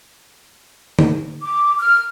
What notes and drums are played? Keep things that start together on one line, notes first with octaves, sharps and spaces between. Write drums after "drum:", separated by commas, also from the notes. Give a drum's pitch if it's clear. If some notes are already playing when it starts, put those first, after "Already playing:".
drum: tom D3
D6
F6